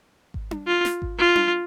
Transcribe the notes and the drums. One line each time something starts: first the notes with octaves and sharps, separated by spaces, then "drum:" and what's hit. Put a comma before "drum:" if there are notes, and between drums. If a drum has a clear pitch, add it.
drum: kick G#1
drum: tom D4
F4
drum: snare
drum: kick G#1
F4
drum: tom D4